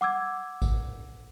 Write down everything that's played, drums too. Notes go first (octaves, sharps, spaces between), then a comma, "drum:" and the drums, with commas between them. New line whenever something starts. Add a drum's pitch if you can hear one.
F#5 D6 E6 G#6
drum: kick G#1, tambourine